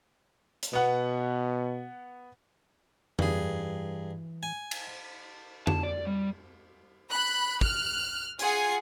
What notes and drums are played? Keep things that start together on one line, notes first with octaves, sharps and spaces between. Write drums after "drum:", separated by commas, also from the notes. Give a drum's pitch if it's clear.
drum: hi-hat
B2 B3 F#5
G2 E3 G#4, drum: tom F2
G#5
drum: cymbal
A5, drum: tom F2
D5
G3
B5 F#6
F6 F#6, drum: kick
F4 G#4 F#5 G#5 G#6 C7, drum: hi-hat